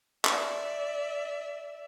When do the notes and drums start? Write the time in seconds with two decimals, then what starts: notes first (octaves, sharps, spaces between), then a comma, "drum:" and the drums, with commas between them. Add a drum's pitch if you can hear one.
0.25 D5 E5, drum: clap